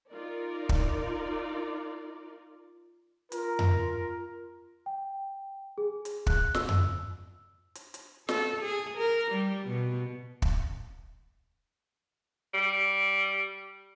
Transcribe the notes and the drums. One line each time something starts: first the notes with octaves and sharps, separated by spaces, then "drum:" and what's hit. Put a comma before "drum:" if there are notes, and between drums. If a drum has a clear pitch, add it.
D#4 F4 A#4 D5
drum: kick
F4 A#4, drum: hi-hat
drum: tom F2
G5
G#4
drum: hi-hat
F#6, drum: kick
E6, drum: snare
drum: tom F2
drum: hi-hat
drum: hi-hat
A4, drum: snare
G#4
A#4
G3
B2
drum: kick
G3